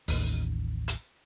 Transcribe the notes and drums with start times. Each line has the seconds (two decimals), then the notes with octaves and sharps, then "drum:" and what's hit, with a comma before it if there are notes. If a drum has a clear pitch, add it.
0.08 A1 D#2, drum: open hi-hat
0.88 drum: hi-hat